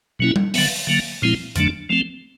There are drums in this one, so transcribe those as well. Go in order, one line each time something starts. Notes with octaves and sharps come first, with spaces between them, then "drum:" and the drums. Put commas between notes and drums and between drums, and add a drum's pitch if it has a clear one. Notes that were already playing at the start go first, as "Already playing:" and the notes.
B2 F#3 A#3 C#4 E4
drum: tom G3
D3 F#3 B3, drum: open hi-hat
D3 F#3 A#3
A#2 F3 G#3 C4 E4
F2 D3 F#3 A3 D4, drum: hi-hat
F3 A3 C4